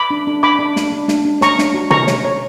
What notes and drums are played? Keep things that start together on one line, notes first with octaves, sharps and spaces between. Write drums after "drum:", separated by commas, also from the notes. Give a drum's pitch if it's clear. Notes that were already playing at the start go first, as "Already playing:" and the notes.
Already playing: B5 D6
D4
D4
D4 B5 D6
D4
D4, drum: snare
D4
D4, drum: snare
D4
C#5 A#5 C#6, drum: snare
D4, drum: snare
F#4
C#5 A#5 C#6, drum: tom
C#5, drum: snare
C#5